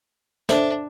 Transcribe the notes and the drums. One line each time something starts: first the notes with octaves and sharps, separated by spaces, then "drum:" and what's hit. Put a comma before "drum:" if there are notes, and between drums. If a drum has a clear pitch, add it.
D4 A4 C5 E5, drum: snare